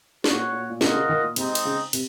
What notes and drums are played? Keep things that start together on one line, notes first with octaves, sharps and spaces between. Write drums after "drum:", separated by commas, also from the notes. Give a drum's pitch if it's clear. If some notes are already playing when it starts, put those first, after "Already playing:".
A#2 F#4 C#5 F#5, drum: snare
A#2
A#2
C3 F4 A#4 D#5 F#5, drum: snare
C#3
D#3
A#2
C3 G#3 C4 D#4, drum: cymbal
drum: cymbal
C#3
C3, drum: cymbal